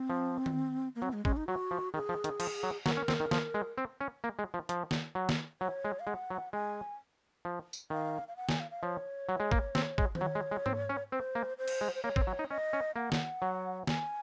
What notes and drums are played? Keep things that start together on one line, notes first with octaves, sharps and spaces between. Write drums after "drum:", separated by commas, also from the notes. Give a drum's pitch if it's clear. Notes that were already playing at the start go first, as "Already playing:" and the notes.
Already playing: C4
F3
drum: tom D#3
A#3
F#3 C4
G#3
G#3 C#4, drum: kick
D#4
F#3 F#4
F3
D#3 G#4
F3
D#3, drum: hi-hat
F3, drum: cymbal
F#3
F#3 A#4, drum: snare
C#4
C4, drum: snare
D#3
F3, drum: snare
G#3
C4
C#4
A#3
G#3
F3
F3, drum: hi-hat
drum: snare
F#3
drum: snare
F#3 C#5
G#3
F5
G#3 F#5
F#3
G#3 G#5
F3
drum: tambourine
D#3 F5
F5
F#5
G#5, drum: snare
F5
F5
F3 C#5
F#3
G#3
A#3, drum: kick
C4, drum: snare
G#3, drum: kick
C5, drum: tom D#3
F#3 C#5
G#3
G#3
C4, drum: tom G#2
C#4
C4 C5
A#3
C5
drum: cymbal
G#3
C5
A#3 C#5
C4, drum: kick
F#3
D#4
C#4 D#5
C#4
A#3 F#5
drum: snare
F#3
G#5, drum: snare